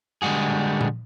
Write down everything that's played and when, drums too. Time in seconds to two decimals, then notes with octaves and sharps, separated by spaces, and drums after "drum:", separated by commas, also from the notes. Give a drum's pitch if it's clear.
0.22 D3 G3 G#3 F#4 G#4
0.81 drum: tom A#2